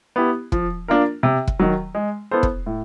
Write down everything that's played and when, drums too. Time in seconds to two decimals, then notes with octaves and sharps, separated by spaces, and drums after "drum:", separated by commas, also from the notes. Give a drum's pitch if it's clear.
0.16 B3 E4 G4
0.52 F3, drum: kick
0.88 A#3 D4 F4 A#4
1.23 C3
1.47 drum: kick
1.59 D#3 F#3
1.95 G#3
2.31 B3 E4 A4 C5
2.43 drum: kick
2.66 A2